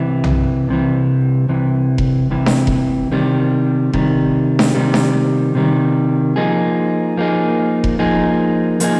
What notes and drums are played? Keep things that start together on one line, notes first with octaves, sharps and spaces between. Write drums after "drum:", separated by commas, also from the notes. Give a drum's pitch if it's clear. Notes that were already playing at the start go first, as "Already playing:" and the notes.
Already playing: C2 C3 E3
drum: tom B1
C2 C3 E3
C2 C3 E3
drum: kick F1
C2 C3 E3
drum: snare D4
drum: kick F1
C3 D#3 G3
C3 D#3 G3, drum: kick F1
drum: snare D4
C3 D#3 G3
drum: snare D4
C3 D#3 G3
F3 A#3 D#4 G#4
F3 A#3 D#4 G#4
drum: kick F1
F3 A#3 D#4 G#4
F3 A#3 D#4 G#4, drum: hi-hat